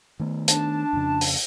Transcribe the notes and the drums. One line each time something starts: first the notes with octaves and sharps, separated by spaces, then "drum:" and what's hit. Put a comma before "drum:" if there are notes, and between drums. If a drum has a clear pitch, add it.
D#3 A3 B3
D4 A5, drum: hi-hat
F2 C#3
drum: open hi-hat